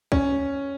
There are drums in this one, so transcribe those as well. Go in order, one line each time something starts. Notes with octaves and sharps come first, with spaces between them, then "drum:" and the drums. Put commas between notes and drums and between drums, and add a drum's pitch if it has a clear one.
C#4, drum: kick